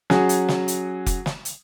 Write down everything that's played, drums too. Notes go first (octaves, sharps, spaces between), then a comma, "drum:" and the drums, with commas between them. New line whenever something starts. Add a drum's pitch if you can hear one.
F#3 C#4 G#4, drum: snare
drum: hi-hat
drum: snare
drum: hi-hat
drum: kick F1, hi-hat
drum: snare
drum: hi-hat